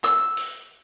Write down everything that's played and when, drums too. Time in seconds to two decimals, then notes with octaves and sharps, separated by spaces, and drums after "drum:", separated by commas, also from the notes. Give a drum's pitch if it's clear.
0.04 E6, drum: clap
0.37 drum: open hi-hat